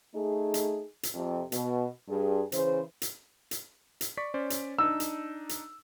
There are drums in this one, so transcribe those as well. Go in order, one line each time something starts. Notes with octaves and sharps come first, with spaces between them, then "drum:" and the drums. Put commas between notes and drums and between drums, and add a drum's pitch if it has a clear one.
A3 D#4 G#4
drum: hi-hat
drum: hi-hat
F2 C3
B2, drum: hi-hat
G2 G#4
C#3 E3 C5, drum: hi-hat
drum: hi-hat
drum: hi-hat
drum: hi-hat
D5 C#6 B6
C#4 C5 D5
drum: hi-hat
D4 D#4 E6
drum: hi-hat
drum: hi-hat